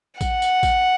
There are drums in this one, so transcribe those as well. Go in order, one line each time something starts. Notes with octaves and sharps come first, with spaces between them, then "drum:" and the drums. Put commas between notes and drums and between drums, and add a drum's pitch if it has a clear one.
F#5, drum: kick A#1, tambourine
drum: tambourine
drum: kick A#1, tambourine